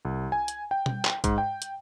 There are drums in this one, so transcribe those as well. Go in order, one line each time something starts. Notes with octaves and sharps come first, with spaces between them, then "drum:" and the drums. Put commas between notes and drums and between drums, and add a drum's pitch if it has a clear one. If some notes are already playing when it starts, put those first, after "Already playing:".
C2
G#5
drum: hi-hat
G5
drum: tom B2
drum: clap
G#2, drum: kick A1, hi-hat
G5
drum: hi-hat